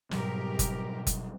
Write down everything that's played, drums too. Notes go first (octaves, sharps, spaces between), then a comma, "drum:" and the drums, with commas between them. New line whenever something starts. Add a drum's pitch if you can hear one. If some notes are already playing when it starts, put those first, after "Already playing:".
G#2 B2 F#3 G3 G4 A#4, drum: snare
drum: kick F#1, hi-hat
drum: kick F#1, hi-hat